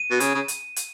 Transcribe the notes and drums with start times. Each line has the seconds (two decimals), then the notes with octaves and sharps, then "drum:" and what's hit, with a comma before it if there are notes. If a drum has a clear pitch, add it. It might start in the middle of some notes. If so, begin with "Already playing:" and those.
Already playing: D#7
0.11 B2
0.20 C#3, drum: hi-hat
0.35 C#3
0.48 drum: hi-hat
0.76 drum: hi-hat